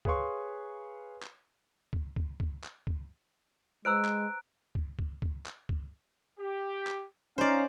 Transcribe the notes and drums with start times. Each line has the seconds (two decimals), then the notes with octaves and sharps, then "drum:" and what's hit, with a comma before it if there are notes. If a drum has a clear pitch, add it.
0.05 G#4 B4 C#5 F5 C6 C#6, drum: kick C#2
1.22 drum: clap
1.93 drum: kick C#2
2.16 drum: kick C#2
2.40 drum: kick C#2
2.63 drum: clap
2.87 drum: kick C#2
3.85 G#3 B4 C5 A#5 E6 F#6 D7
4.05 drum: clap
4.75 drum: kick C#2
4.99 drum: kick C#2
5.22 drum: kick C#2
5.46 drum: clap
5.69 drum: kick C#2
6.40 G4
6.87 drum: clap
7.38 C#4 D#4 C5 D5 F5 A#5